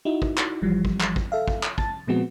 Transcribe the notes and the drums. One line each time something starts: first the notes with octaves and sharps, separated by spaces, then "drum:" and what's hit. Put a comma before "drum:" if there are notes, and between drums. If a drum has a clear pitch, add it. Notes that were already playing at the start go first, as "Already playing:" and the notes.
D#4 E4 F#4
drum: kick
drum: clap
G1 E3 F3 G3
drum: kick
drum: clap
drum: kick
A4 E5 F5
drum: kick
drum: clap
A5 A6, drum: kick
A#2 F3 G#3 B3 C4 F#4